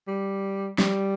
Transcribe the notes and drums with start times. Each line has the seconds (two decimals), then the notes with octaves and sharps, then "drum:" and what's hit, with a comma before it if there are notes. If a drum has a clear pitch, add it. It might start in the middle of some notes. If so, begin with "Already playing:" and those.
0.08 G3
0.78 G3, drum: snare